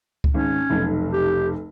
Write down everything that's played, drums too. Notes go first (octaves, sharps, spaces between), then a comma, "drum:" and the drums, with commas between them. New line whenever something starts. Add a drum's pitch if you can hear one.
drum: kick C#2
G#1 C#4
F1 B1
G4